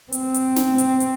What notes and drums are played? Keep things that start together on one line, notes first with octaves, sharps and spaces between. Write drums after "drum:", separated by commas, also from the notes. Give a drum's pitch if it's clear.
C4, drum: hi-hat
drum: hi-hat
drum: snare
drum: hi-hat
drum: hi-hat